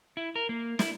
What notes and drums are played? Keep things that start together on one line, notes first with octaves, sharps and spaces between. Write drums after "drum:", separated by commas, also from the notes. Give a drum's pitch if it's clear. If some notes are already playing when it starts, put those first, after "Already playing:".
E4
A#4
A#3
E4, drum: snare